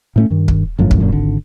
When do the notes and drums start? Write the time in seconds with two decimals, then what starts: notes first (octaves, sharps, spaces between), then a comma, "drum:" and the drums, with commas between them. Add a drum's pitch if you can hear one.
0.16 A2 A3 C#4
0.30 G2 D#3
0.48 drum: kick
0.79 G1 F#2 A2 F3
0.91 drum: kick
1.01 F#2 A#2 D3
1.12 G#1 D3